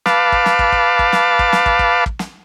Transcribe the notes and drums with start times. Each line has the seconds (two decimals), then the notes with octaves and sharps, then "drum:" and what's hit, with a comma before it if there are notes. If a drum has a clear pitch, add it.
0.06 B4 F5 A5 D6, drum: snare
0.32 drum: kick
0.46 drum: snare
0.59 drum: kick
0.72 drum: kick
0.99 drum: kick
1.12 drum: snare
1.39 drum: kick
1.53 drum: snare
1.66 drum: kick
1.79 drum: kick
2.06 drum: kick
2.19 drum: snare